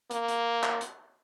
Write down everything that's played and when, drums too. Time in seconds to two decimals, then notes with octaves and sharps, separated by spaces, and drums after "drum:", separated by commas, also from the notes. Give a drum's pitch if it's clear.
0.11 A#3, drum: hi-hat
0.28 drum: hi-hat
0.63 drum: clap
0.81 drum: hi-hat